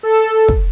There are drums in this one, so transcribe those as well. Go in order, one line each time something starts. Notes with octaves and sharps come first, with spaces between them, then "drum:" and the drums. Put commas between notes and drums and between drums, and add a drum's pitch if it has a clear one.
A4
drum: kick